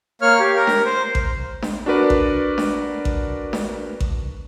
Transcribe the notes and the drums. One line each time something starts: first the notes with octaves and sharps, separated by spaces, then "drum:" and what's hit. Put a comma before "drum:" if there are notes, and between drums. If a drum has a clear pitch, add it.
A#3 C#5 F6
G4
A#4
drum: snare D4
C5
drum: kick A1
drum: snare D4
D4 F#4 A#4 B4 D5
drum: kick A1
drum: snare D4
drum: kick A1
drum: snare D4
drum: kick A1